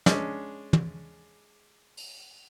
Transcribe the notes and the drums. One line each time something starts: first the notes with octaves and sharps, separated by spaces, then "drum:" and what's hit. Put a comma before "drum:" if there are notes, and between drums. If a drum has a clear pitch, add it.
G#3 C#4 D4, drum: snare
drum: tom
drum: open hi-hat